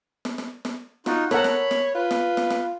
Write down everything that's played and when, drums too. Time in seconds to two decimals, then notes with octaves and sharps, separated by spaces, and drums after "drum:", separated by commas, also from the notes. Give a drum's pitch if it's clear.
0.25 drum: snare
0.38 drum: snare
0.65 drum: snare
1.06 D#4 F4 F#4, drum: snare
1.31 A4 A#4 C#5 F#5 B5, drum: snare
1.44 drum: snare
1.71 drum: snare
1.95 F4 B4
2.11 drum: snare
2.37 drum: snare
2.51 drum: snare